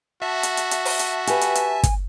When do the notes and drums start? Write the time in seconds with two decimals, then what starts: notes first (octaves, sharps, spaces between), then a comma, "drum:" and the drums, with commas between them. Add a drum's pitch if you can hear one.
0.22 F#4 E5 A5
0.43 drum: hi-hat
0.57 drum: hi-hat
0.71 drum: hi-hat
0.85 drum: open hi-hat
0.99 drum: hi-hat
1.27 G4 B4 G#5, drum: hi-hat
1.41 drum: hi-hat
1.55 drum: hi-hat
1.83 drum: kick, hi-hat